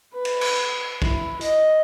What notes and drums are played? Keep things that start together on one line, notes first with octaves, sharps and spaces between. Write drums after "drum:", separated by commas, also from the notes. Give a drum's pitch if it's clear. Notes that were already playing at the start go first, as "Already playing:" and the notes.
B4
drum: cymbal
drum: cymbal
E4, drum: kick
D#5, drum: hi-hat